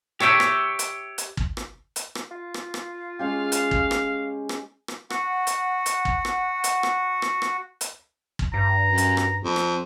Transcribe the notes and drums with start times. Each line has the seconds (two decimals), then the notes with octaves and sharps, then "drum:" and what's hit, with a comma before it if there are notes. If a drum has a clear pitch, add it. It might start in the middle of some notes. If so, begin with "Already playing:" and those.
0.20 G4 C#5 E5 G5, drum: rim click
0.40 drum: rim click
0.79 drum: hi-hat
1.18 drum: hi-hat
1.37 drum: kick
1.57 drum: rim click
1.96 drum: hi-hat
2.15 drum: rim click
2.31 F4
2.54 drum: rim click
2.74 drum: rim click
3.19 G#3 C#4 G4 F5
3.52 drum: hi-hat
3.71 drum: kick
3.91 drum: rim click
4.49 drum: rim click
4.88 drum: rim click
5.10 F#4 F#5, drum: rim click
5.47 drum: hi-hat
5.86 drum: hi-hat
6.05 drum: kick
6.25 drum: rim click
6.64 drum: hi-hat
6.83 drum: rim click
7.22 drum: rim click
7.42 drum: rim click
7.81 drum: hi-hat
8.39 drum: kick
8.54 G2 A#5
8.87 F#2
8.98 drum: hi-hat
9.17 drum: rim click
9.44 F2
9.56 drum: rim click